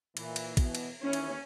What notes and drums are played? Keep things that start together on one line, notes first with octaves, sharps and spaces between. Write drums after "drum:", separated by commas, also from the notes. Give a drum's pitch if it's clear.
A#2 E3, drum: cymbal
drum: cymbal
B2 E3, drum: kick, cymbal
drum: cymbal
D#2 E3 C#4
drum: cymbal